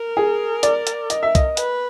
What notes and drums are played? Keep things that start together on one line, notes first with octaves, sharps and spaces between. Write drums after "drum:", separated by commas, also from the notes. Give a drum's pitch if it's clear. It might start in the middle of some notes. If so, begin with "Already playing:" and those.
Already playing: A#4
G#4
D5, drum: hi-hat
drum: hi-hat
D#5, drum: hi-hat
E5
D#5, drum: kick, hi-hat
B4, drum: hi-hat